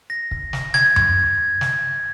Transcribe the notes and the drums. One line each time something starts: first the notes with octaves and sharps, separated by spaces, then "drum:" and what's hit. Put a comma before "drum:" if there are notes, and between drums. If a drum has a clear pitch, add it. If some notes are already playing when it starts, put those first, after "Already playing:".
A#6
drum: kick
drum: snare
G#6, drum: snare
drum: tom F#2
drum: snare